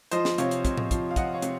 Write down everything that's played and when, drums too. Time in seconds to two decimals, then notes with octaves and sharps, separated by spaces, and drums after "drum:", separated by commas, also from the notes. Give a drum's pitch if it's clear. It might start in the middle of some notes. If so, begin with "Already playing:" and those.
0.11 F3 C5 D#5, drum: hi-hat
0.25 drum: snare
0.38 C3 C#5 F5, drum: hi-hat
0.51 drum: hi-hat
0.65 C3, drum: kick, hi-hat
0.77 drum: tom A2
0.91 F3, drum: kick, hi-hat
1.11 F5
1.16 F3 D#5 F#5, drum: kick, hi-hat
1.34 C#5 F5
1.42 C3, drum: hi-hat